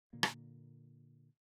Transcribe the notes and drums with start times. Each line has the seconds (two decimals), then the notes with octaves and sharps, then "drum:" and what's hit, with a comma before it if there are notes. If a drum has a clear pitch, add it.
0.13 A#2 D3 A#3
0.23 drum: rim click